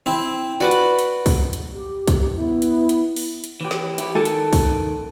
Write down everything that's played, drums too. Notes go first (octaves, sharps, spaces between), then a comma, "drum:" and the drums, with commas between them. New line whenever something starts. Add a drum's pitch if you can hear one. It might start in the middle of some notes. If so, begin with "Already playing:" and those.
C4 E4
F#4 B4 D5 F#5
drum: hi-hat
drum: hi-hat
drum: kick, open hi-hat
drum: hi-hat
G4
drum: kick, hi-hat
B3 E4
drum: hi-hat
drum: hi-hat
drum: open hi-hat
drum: hi-hat
E3 G4
drum: snare
E4 G4, drum: hi-hat
D#3 A4 A#4 A5
drum: hi-hat
drum: kick, open hi-hat